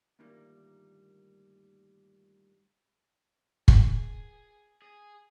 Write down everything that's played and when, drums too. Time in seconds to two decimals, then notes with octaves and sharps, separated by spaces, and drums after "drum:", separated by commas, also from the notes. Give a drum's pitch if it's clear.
0.19 D2 G2 A#2 D#3 G3 A#3
3.68 G#4, drum: kick
4.82 G#4